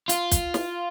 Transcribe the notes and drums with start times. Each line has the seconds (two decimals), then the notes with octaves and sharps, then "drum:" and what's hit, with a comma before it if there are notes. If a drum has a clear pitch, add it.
0.09 F4, drum: hi-hat
0.31 drum: kick, hi-hat
0.54 drum: snare